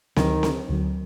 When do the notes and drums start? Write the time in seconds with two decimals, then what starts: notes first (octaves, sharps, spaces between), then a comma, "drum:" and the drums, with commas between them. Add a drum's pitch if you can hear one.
0.16 D2 D3 D#3 F#3, drum: snare C4
0.43 drum: snare C4
0.69 D2 D3 F#3